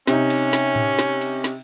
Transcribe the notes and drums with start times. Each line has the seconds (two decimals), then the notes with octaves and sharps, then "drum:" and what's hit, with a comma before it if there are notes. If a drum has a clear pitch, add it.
0.07 C3 C#4 D#4, drum: snare
0.30 drum: cymbal
0.53 drum: snare
0.76 drum: tom A2
0.99 drum: snare
1.21 drum: cymbal
1.44 drum: snare